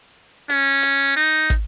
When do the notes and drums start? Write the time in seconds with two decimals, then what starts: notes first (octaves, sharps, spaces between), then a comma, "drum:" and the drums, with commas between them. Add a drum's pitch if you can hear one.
0.50 C#4, drum: hi-hat
0.83 drum: hi-hat
1.16 D#4
1.50 drum: kick, hi-hat